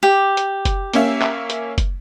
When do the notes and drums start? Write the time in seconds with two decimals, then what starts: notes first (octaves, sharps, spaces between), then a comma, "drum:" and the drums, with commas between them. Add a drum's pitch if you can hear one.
0.03 G4
0.37 drum: hi-hat
0.65 drum: kick F#1, hi-hat
0.93 A#3 C#4 E5, drum: hi-hat
1.22 drum: clap
1.50 drum: hi-hat
1.78 drum: kick F#1, hi-hat